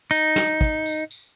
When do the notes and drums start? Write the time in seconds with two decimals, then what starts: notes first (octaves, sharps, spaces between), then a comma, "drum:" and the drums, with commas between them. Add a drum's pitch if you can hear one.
0.11 D#4, drum: tambourine
0.36 drum: snare
0.61 drum: kick
0.86 drum: tambourine
1.11 drum: tambourine